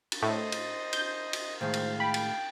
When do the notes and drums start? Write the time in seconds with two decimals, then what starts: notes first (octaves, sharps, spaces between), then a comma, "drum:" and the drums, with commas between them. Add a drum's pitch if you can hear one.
0.12 drum: cymbal
0.22 A2 C5 D#5
0.52 drum: cymbal
0.93 G6, drum: cymbal
1.33 drum: cymbal
1.61 A2 D#3 G#3 C5 F5
1.74 drum: cymbal
2.00 G5 B5
2.14 drum: cymbal